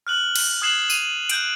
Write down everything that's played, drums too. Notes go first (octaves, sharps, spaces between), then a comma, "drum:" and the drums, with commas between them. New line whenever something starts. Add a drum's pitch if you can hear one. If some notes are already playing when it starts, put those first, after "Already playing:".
F6 F#6 F#7
drum: cymbal
D#6 F#6 G#6 C7 E7 F#7
D#7 F7, drum: tambourine
F#6 G6 D7, drum: hi-hat